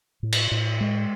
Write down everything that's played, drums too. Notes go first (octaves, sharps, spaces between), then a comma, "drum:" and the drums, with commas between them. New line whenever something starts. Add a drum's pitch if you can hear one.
A2
drum: cymbal
A2
G#3